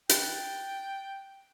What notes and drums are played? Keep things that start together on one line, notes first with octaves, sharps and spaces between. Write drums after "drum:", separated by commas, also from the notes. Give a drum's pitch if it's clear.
G5 F#6 A6, drum: hi-hat